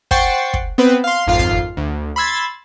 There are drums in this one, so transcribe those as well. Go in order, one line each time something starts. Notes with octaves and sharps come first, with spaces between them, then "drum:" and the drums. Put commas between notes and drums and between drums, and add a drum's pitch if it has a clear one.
C5 F#5 G5 C#6 A6 C7, drum: kick, hi-hat
drum: kick
B3 C4 B4
F5 C6
G#1 F2 F4 F5 C7
drum: kick, hi-hat
D2
B5 C6 E6 G#6 A6